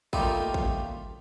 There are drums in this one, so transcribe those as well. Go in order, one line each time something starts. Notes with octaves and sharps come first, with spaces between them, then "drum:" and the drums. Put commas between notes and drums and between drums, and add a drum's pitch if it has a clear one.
G3 A3 A#3 D#4 F4 G4, drum: kick
drum: kick